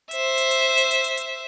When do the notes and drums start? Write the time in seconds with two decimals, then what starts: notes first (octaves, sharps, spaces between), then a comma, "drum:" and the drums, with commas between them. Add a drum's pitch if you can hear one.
0.11 C5 E5, drum: hi-hat
0.38 drum: hi-hat
0.51 drum: hi-hat
0.78 drum: hi-hat
0.91 drum: hi-hat
1.04 drum: hi-hat
1.17 drum: hi-hat